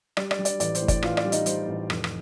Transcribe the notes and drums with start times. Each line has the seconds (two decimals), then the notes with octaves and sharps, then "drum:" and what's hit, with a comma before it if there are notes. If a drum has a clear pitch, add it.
0.17 G3 D5, drum: rim click
0.31 D5, drum: rim click
0.39 G3
0.45 D5, drum: hi-hat
0.60 A1 D5, drum: hi-hat
0.75 C5, drum: hi-hat
0.81 A2
0.88 D5, drum: kick G1, hi-hat
1.03 A1 F4 F5, drum: rim click
1.17 D5, drum: rim click
1.25 G3
1.32 D#4 D#5, drum: hi-hat
1.46 G3 C5, drum: hi-hat
1.68 A1
1.90 F1, drum: rim click
2.04 drum: rim click